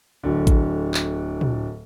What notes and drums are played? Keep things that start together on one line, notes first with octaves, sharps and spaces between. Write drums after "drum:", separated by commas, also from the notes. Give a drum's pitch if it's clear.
D1 D3
drum: kick A1, hi-hat
drum: clap
drum: tom